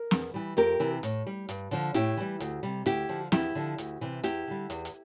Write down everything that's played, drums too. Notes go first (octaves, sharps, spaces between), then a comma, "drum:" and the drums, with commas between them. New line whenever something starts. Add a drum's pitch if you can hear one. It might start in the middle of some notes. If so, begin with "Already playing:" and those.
Already playing: A#4
E2, drum: snare
E3 G3
F2 G4 A#4
C3 E3
A2, drum: hi-hat
G3
G2, drum: hi-hat
D3 F3
A2 E4 G4, drum: hi-hat
E3 G3
D2, drum: hi-hat
C3 G3
D2 E4 G4, drum: hi-hat
D3 F3
E2 E4 G4, drum: snare
D3 F3
D2, drum: hi-hat
C3 E3
E2 E4 G4, drum: hi-hat
D3 G3
E2, drum: hi-hat
drum: hi-hat